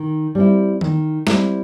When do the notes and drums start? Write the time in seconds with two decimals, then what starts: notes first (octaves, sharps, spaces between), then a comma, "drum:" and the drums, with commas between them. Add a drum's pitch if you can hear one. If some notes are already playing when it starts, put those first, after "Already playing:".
Already playing: D#3
0.35 G3 C4 E4
0.81 D#3, drum: tom D#3
1.27 G3 C4 E4, drum: snare